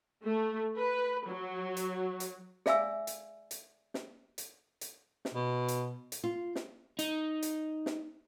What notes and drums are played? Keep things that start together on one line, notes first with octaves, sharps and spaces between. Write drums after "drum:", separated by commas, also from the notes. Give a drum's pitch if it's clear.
A3
B4
F#3
drum: hi-hat
drum: hi-hat
G#4 D5 E5 F5 G#5 E6, drum: snare
drum: hi-hat
drum: hi-hat
drum: snare
drum: hi-hat
drum: hi-hat
drum: snare
B2
drum: hi-hat
drum: hi-hat
F4
drum: snare
D#4, drum: hi-hat
drum: hi-hat
drum: snare